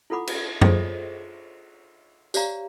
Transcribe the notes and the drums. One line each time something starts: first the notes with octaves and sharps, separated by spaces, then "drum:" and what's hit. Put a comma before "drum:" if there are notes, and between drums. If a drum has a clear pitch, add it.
E4 F4 A4 F#5 B5 D6
drum: cymbal
F4 G#4 A4 C5 C#5 D#5, drum: tom F#2
G4 C#5 D5 F5 A#5, drum: tambourine